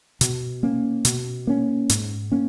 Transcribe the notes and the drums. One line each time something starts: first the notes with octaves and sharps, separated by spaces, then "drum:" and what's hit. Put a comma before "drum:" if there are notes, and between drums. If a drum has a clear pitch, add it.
B2, drum: hi-hat
A#3 C#4
B2, drum: hi-hat
A#3 C#4
G#2, drum: hi-hat
A#3 C#4